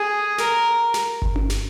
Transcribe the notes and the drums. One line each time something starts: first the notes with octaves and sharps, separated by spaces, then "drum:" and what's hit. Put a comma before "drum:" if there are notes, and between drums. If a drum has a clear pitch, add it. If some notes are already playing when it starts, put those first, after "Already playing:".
Already playing: G#4
A#4, drum: snare
drum: snare
drum: kick G1
drum: tom C#4
drum: snare